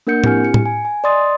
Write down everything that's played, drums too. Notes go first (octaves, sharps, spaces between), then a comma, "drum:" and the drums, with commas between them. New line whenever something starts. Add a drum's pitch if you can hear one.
A#3 D4 A#4 F#5 G6 C#7
C4 E4 G4 G#5 F6 C#7, drum: tom A2
C#7
drum: tom A2
G#5
G#5
D5 D#5 C6 D#6 A6